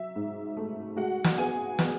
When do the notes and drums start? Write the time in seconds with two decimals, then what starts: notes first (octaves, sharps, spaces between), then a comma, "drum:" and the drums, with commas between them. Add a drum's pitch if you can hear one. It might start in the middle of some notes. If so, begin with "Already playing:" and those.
Already playing: F#3 E5
0.16 G#2
0.57 A3
0.97 G#3 F#4 F#5
1.24 drum: snare
1.38 B3 G#4 G#5
1.79 B3, drum: snare